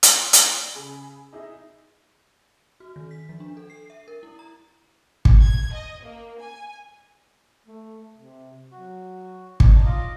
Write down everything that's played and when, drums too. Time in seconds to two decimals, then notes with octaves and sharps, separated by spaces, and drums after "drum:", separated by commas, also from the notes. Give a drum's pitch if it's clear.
0.03 C5 C6 E6, drum: hi-hat
0.33 drum: hi-hat
0.75 C#3 G#4 G#5 B5
1.33 D#4 E4 G#4 D#5 E5
2.80 F#4
2.96 D#3
3.11 B6
3.29 F3
3.40 D4
3.57 A4
3.70 C7
3.90 E5
4.08 A#4
4.23 E4
4.39 A#5
5.25 drum: kick
5.40 G#6
5.73 D#5
6.04 A#3
6.39 G#5
7.66 A3
8.16 C3
8.71 F#3 F#4
9.60 D4 D#4 C#5, drum: kick
9.85 F4 D#5 D6